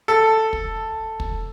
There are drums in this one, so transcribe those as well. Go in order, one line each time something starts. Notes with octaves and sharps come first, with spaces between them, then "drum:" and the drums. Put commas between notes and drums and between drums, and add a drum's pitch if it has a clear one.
A4
drum: kick
drum: kick